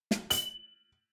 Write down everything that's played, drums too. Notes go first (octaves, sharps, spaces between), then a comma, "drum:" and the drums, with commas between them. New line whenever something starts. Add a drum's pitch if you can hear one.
drum: snare
F#7, drum: hi-hat